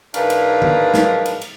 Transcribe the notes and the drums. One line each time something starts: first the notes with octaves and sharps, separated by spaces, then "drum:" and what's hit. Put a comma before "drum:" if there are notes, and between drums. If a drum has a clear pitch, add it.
G#2 E3 D4 A#4 B4 F5, drum: cymbal
drum: cymbal
drum: tom D3
drum: snare
drum: cymbal
drum: cymbal